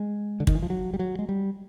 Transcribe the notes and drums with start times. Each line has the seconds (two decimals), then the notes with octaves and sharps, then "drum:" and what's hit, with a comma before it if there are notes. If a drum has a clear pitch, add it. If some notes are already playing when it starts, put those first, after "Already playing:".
Already playing: G#3
0.40 D3
0.47 D#3, drum: kick
0.55 E3
0.62 F3
0.70 F#3
0.94 G3
0.99 F#3
1.19 G#3
1.29 G3